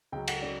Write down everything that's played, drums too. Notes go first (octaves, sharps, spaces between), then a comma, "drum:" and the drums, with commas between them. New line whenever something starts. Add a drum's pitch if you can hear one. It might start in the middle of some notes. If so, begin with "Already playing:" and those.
C#2 C#3 F#3 G5
F#5, drum: cymbal
C#3 F#3 D5